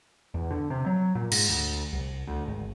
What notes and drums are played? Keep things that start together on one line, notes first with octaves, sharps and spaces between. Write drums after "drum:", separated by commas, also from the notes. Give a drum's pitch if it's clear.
E2
D3
C3
F#3
A#2
G#2, drum: cymbal
D2
C2
D2
G#1